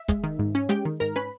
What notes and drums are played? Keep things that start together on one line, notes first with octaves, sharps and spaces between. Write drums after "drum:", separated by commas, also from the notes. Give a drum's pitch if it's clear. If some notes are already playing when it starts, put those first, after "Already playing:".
Already playing: E5
G#3, drum: kick, hi-hat
D#3
G#2
C#4
G#3 G4 G5, drum: hi-hat
D#3
G#2 A#4 A#5
C#4 B4 B5